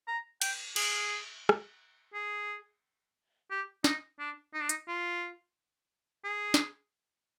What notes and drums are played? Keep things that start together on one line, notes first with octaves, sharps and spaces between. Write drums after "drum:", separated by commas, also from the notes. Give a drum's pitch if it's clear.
A#5
G5, drum: cymbal
G#4, drum: cymbal
drum: rim click
G#4
G4
D#4, drum: snare
D4
D#4
D4
D#4, drum: hi-hat
F4
G#4
drum: snare